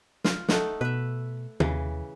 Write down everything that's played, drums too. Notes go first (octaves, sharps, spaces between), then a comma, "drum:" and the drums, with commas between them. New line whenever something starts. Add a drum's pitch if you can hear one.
F4, drum: snare
A3 D#4 F#5, drum: snare
B2 B4 E5
D#2 C#3 E3, drum: tom